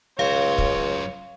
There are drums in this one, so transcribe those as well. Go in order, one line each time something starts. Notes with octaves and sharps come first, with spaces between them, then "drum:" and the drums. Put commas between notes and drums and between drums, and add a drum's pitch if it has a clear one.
C#2 F#2 C5 C#5 F5
drum: kick